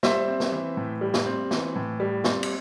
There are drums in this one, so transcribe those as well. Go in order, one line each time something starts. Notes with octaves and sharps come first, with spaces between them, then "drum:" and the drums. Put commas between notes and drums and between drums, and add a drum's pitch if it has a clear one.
G3 C5 E5, drum: snare
C4
drum: snare
E3
A2
G3
drum: snare
C4
E3, drum: snare
A2
G3
C4, drum: snare
drum: cymbal